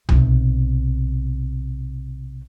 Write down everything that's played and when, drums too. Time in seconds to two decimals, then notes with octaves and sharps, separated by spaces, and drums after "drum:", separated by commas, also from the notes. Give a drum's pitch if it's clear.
0.09 B1 C3, drum: tom C2